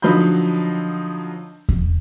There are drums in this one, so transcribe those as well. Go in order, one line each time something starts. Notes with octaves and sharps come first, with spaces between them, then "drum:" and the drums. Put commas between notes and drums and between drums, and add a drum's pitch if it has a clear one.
D3 F3 F#3 D#4 B5 G6
drum: kick E2